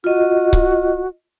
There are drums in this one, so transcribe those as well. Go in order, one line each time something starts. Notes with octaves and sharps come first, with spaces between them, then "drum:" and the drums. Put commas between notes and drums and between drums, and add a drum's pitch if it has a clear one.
F4 F#4 D#5
drum: kick C#1